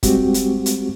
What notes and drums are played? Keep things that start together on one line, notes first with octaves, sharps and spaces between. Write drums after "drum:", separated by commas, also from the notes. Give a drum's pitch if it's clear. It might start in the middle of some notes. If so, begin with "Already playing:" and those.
G3 G#3 C4 F#4 G4, drum: kick, hi-hat
drum: hi-hat
drum: hi-hat